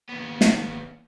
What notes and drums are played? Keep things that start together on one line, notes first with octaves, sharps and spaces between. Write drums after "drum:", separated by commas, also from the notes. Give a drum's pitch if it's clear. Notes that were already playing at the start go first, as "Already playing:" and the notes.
D#2 B3
drum: snare